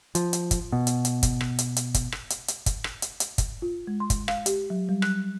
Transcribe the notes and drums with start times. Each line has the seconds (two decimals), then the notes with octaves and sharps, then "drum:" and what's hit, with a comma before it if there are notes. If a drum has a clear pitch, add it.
0.15 F3, drum: hi-hat
0.33 drum: hi-hat
0.51 drum: kick, hi-hat
0.72 B2
0.87 drum: hi-hat
1.05 drum: hi-hat
1.23 drum: kick, hi-hat
1.41 drum: rim click
1.59 drum: hi-hat
1.77 drum: hi-hat
1.94 drum: kick, hi-hat
2.12 drum: rim click
2.30 drum: hi-hat
2.48 drum: hi-hat
2.66 drum: kick, hi-hat
2.84 drum: rim click
3.02 drum: hi-hat
3.20 drum: hi-hat
3.38 drum: kick, hi-hat
3.62 F4
3.87 G#3
4.00 C6
4.10 drum: kick, hi-hat
4.28 F5, drum: rim click
4.46 G4, drum: hi-hat
4.70 F#3
4.89 G3
5.02 F#6, drum: rim click